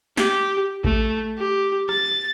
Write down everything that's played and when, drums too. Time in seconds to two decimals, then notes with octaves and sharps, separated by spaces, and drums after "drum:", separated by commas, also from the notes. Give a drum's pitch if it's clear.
0.17 G4, drum: snare
0.84 A3, drum: kick A1
1.38 G4
1.89 A6, drum: rim click